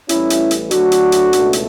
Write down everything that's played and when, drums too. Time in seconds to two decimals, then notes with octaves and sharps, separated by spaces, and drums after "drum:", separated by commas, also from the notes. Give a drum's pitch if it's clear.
0.09 A1 A2 E3 G3 C#4 E4, drum: hi-hat
0.30 drum: hi-hat
0.51 drum: hi-hat
0.71 D2 D3 F#3 A3 D4 F#4, drum: hi-hat
0.92 drum: hi-hat
1.12 drum: hi-hat
1.33 C#2 B2 A3, drum: hi-hat
1.53 drum: hi-hat